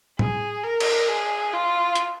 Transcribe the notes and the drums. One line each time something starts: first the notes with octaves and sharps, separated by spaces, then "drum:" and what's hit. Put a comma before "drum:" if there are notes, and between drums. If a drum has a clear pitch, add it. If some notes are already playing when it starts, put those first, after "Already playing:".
G#4, drum: tom A2
A#4
drum: cymbal
G#4
F4
drum: hi-hat